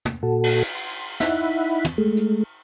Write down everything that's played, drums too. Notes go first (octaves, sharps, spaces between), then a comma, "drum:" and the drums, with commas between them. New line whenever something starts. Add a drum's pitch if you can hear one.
drum: tom
A#2 F#4 A4
drum: cymbal
drum: hi-hat
C6
D#4 E4 E5 F#5 B5, drum: snare
drum: tom
G#3 A3
drum: hi-hat